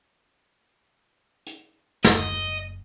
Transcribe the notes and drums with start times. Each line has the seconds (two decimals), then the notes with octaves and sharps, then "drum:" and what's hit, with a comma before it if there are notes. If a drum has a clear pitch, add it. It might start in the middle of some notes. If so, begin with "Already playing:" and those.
1.47 drum: hi-hat
2.05 F#1 D#5, drum: snare